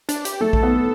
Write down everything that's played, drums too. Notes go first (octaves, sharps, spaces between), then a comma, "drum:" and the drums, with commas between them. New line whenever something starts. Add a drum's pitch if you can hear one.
D4, drum: hi-hat
G4, drum: hi-hat
A3 A4
drum: kick A#1
B3